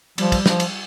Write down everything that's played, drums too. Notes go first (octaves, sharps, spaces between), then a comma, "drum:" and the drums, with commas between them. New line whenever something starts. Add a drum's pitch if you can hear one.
F3 G3, drum: cymbal
drum: kick, cymbal
F3, drum: snare
drum: cymbal